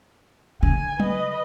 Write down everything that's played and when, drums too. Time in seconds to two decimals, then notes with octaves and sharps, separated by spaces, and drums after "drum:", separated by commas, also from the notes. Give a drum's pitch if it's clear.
0.63 D3 G#5
1.00 B4 D#5, drum: tom F#3